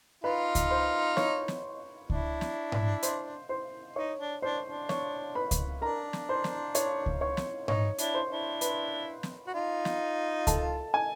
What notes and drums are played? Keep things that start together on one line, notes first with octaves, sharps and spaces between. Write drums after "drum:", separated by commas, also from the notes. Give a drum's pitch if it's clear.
D#4 F4 B4 B5
drum: kick C#2, hi-hat
C5 C6
C#5 C#6, drum: snare
drum: snare
D4 E4, drum: kick C#2
drum: snare
drum: tom G#2
C5 C6, drum: hi-hat
C5 C6
D#4 C#5 C#6
D4
D4 C5 C6
D4
C#5 C#6, drum: snare
B4 B5
drum: kick C#2, hi-hat
D4 A#4 A#5
drum: snare
C5 C6
drum: snare
C#5 C#6, drum: hi-hat
drum: kick C#2
C#5 C#6
drum: snare
D#4 C#5 C#6, drum: tom G#2
D4 E4, drum: hi-hat
C5 C6
D4 E4
B4 B5, drum: hi-hat
drum: snare
F#4
D#4 F4
drum: snare
A4 A5, drum: kick C#2, hi-hat
G#5